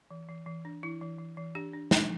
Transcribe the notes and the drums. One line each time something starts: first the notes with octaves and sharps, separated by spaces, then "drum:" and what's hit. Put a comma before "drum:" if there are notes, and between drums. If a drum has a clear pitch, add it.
E3
E3
E3
D4
E3 E4
E3
E3
E3
D4 G4
D4
D4, drum: snare